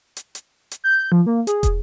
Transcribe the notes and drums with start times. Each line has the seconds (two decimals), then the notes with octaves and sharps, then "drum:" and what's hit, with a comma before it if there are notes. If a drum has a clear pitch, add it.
0.17 drum: hi-hat
0.35 drum: hi-hat
0.71 drum: hi-hat
0.84 G6
1.12 F3
1.26 A#3
1.47 G#4, drum: hi-hat
1.63 drum: kick, hi-hat